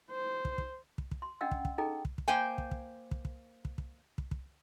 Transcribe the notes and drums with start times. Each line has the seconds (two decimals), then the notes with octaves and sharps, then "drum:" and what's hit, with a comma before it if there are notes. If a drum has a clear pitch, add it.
0.11 C5
0.45 drum: kick
0.58 drum: kick
0.98 drum: kick
1.11 drum: kick
1.22 C6
1.41 C#4 D4 D#5 F#5 G5 E6
1.51 drum: kick
1.65 drum: kick
1.78 D#4 G#4 A4 D#5 G5 A#5
2.05 drum: kick
2.18 drum: kick
2.28 A#3 C5 G5 G#5
2.58 drum: kick
2.71 drum: kick
3.11 drum: kick
3.25 drum: kick
3.65 drum: kick
3.78 drum: kick
4.18 drum: kick
4.31 drum: kick